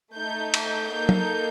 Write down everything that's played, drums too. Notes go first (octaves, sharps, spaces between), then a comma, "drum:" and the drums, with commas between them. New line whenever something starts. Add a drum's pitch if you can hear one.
A3 D#4 A4 G6
G6, drum: cymbal
A#3 D#4 A4
drum: tom F#3